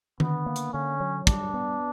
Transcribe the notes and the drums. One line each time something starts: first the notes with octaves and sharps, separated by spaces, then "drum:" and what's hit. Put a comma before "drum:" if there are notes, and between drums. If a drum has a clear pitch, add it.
D3 B3, drum: tom D#3
A#3
drum: hi-hat
D3 C#4
F#3
G3 D4, drum: kick, hi-hat
B3